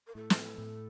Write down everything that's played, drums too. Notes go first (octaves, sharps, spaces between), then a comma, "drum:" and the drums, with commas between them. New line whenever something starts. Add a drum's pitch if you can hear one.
A#4
A2 A4
drum: snare
A2